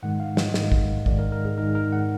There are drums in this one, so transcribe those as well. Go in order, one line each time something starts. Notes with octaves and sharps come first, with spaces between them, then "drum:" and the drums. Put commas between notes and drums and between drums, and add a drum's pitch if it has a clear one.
G#2 D#3 G#3 F#5
F5
D#5, drum: snare
G#2 D#3 G#3 D#5, drum: snare
drum: kick
G#2 D#3 G#3 D5, drum: kick
A#4
A#4
G#4
G#2 D#3 G#3 A#4
A#4
F#5